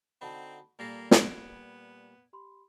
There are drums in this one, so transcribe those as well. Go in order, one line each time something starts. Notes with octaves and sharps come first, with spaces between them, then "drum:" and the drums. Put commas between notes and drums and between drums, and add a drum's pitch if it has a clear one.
D3 C4 D#4 F#4 A5 B5
A#2 G3 A#3 A4 A6 A#6 C7
B3 G#6 D7, drum: snare
G4 B5 C6